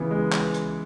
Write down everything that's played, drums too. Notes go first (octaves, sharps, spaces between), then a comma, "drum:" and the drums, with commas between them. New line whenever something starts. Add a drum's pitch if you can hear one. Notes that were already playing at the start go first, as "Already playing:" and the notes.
Already playing: C#3 E3 B3
G#3
drum: clap
drum: hi-hat